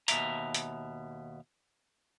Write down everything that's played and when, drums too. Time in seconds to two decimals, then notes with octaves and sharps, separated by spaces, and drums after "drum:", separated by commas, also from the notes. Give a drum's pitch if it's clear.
0.08 D#2 B2 D#3 E5 A#5, drum: hi-hat
0.54 drum: hi-hat